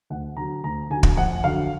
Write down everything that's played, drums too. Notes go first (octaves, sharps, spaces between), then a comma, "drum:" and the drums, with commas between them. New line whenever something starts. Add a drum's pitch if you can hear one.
D2 F#5
D3 F#3 A#5
D2 A#5
D3 F#3 G#5
drum: kick
F2 F#5
D3 F#3 F5